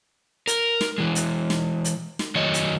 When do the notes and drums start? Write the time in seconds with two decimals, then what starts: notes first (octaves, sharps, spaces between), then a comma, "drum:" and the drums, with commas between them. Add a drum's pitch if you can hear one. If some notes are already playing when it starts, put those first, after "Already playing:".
0.47 A#4, drum: hi-hat
0.81 drum: snare
0.98 E3 G#3
1.15 drum: hi-hat
1.50 drum: snare
1.85 drum: hi-hat
2.19 drum: snare
2.35 D#3 F#3 C#5 D#5
2.54 drum: hi-hat